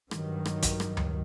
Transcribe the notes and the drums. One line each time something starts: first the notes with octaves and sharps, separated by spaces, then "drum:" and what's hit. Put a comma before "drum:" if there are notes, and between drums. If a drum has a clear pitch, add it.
G2 D#3 F#3, drum: rim click
drum: rim click
drum: kick, hi-hat
drum: rim click
drum: tom D2